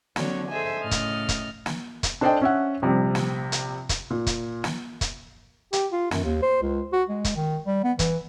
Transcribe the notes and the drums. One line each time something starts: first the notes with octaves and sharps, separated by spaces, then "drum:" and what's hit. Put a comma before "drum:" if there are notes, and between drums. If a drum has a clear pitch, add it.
D3 F#3 C4 F#4 C#5, drum: snare
G#4 A4 C5 D#5 E5 G#5
A2 C#3 D#5 F6 A6
drum: kick, hi-hat
drum: kick, hi-hat
drum: snare
drum: kick, hi-hat
D4 A4 C5 D5 D#5 G5
C#4 E5 F#5
A#1 C3 G3
drum: snare
drum: hi-hat
drum: kick, hi-hat
A#2
drum: kick, hi-hat
drum: snare
drum: kick, hi-hat
G4, drum: hi-hat
F4
F#2, drum: snare
D#2
C5
C#2
F#4
G#3
drum: kick, hi-hat
D#3
G3
B3
E3, drum: kick, hi-hat